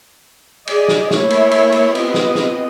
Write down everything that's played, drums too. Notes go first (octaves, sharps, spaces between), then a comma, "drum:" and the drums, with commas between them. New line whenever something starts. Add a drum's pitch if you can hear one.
G#4 D5 D#5, drum: cymbal
drum: snare
A3 A#3 E4 C#5 E5, drum: snare
drum: cymbal
drum: cymbal
drum: cymbal
B3 C4 F4 G4 D#5, drum: cymbal
drum: snare
drum: snare